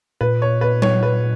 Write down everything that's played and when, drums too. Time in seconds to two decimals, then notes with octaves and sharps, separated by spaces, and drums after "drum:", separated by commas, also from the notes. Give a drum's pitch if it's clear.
0.21 A#2 B4
0.42 C#5
0.61 B4
0.82 C#5, drum: tom F#3
1.03 B4